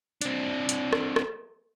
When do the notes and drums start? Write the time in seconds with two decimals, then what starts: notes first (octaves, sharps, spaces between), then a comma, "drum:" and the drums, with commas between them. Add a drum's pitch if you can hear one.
0.21 C4 D4, drum: hi-hat
0.69 drum: hi-hat
0.93 drum: rim click
1.16 drum: rim click